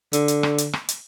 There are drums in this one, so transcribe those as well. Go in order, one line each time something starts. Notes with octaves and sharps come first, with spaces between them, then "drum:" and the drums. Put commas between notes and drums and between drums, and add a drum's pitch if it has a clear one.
D3, drum: hi-hat
drum: hi-hat
drum: rim click
drum: hi-hat
drum: rim click
drum: hi-hat